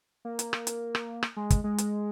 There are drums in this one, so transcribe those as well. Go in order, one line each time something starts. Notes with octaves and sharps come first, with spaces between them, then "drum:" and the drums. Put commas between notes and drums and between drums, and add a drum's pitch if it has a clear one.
A#3
drum: hi-hat
drum: rim click
drum: hi-hat
drum: rim click
drum: rim click
G#3
drum: kick, hi-hat
G#3
drum: hi-hat